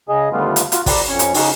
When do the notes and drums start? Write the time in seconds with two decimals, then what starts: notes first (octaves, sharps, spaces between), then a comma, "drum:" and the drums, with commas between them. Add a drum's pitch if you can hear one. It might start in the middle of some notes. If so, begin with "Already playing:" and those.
0.09 C#3 G#4 D#5
0.33 D#2 D3 G3 A3 B3 F4
0.56 drum: hi-hat
0.72 F4 F#4, drum: hi-hat
0.86 B4 D5 A#5, drum: kick, open hi-hat
1.09 F2 C#4 C#5 C#6
1.19 drum: hi-hat
1.34 C#3 C#4 D#4 F#4, drum: open hi-hat